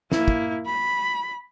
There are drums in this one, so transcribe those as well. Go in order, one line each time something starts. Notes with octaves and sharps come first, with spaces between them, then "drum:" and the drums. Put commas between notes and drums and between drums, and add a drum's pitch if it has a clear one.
A#3 E4, drum: snare
drum: kick
B5